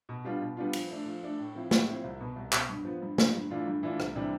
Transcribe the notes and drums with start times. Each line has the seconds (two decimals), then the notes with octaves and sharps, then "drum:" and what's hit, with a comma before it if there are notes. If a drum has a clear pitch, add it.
0.09 B2
0.25 G3 B3 D4 F4
0.41 B2
0.57 G3 B3 D4 F4
0.73 F3, drum: cymbal
0.90 A3 D4
1.06 F3
1.23 A3 D4
1.39 A2
1.55 F3 C4 E4
1.71 A2, drum: snare
1.87 F3 C4 E4
2.04 C2
2.20 B2 B3
2.36 C2
2.52 B2 B3, drum: clap
2.69 G2
2.85 F3 B3
3.02 G2
3.18 F3 B3, drum: snare
3.35 G2
3.50 E3 A3 D4 F4
3.67 G2
3.83 E3 A3 D4 F4
4.00 C2, drum: rim click
4.15 C3 E3 G3 D4